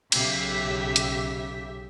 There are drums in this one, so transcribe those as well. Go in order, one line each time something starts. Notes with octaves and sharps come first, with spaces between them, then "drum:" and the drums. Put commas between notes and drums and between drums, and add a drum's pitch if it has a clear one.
B1 C#3 G4 E5 B6, drum: cymbal
drum: hi-hat